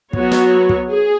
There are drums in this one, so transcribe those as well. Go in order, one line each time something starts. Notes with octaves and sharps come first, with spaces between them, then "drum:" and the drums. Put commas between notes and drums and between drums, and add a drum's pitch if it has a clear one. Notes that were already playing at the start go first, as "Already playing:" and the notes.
F#3 B3 F#4 C#5, drum: kick
drum: snare
drum: kick
G#4